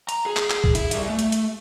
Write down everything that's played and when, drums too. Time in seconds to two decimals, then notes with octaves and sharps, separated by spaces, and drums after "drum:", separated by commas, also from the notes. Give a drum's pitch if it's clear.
0.09 A#5, drum: hi-hat
0.26 G#4
0.36 drum: clap
0.50 drum: clap
0.64 drum: kick C2
0.75 E4, drum: hi-hat
0.91 G3 E5, drum: hi-hat
1.10 A3
1.19 drum: hi-hat
1.32 drum: hi-hat